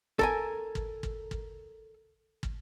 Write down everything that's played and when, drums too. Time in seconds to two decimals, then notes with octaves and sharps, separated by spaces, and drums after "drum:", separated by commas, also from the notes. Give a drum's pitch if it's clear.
0.19 A4 A#4 G#5, drum: kick
0.75 drum: kick
1.03 drum: kick
1.31 drum: kick
2.43 drum: kick